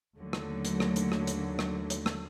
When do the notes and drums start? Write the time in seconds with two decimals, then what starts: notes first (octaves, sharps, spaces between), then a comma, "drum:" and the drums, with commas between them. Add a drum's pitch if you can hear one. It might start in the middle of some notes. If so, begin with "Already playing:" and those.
0.17 D#2 D3 F#3 A3
0.33 drum: rim click
0.65 drum: hi-hat
0.80 drum: rim click
0.96 drum: hi-hat
1.12 drum: rim click
1.27 drum: hi-hat
1.59 drum: rim click
1.90 drum: hi-hat
2.06 drum: rim click